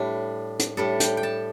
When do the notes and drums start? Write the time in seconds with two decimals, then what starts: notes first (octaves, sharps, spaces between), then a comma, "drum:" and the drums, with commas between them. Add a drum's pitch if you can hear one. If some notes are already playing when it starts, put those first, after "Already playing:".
Already playing: A2 G3 D4
0.59 drum: hi-hat
0.77 A2 G3 D4 A4
1.00 G5, drum: hi-hat
1.17 G5
1.23 A5